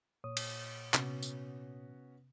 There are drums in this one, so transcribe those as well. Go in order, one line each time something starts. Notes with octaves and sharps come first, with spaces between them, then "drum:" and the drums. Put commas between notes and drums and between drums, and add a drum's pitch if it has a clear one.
A#2 C#5 D#6
drum: cymbal
C3 B3 C#4 F#4, drum: clap
drum: tambourine